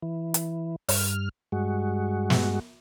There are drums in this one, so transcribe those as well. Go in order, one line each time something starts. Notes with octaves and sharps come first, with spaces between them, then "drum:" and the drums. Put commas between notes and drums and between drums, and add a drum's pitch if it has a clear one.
E3
drum: hi-hat
G2 F6, drum: open hi-hat
G2 G#3 F#4
drum: snare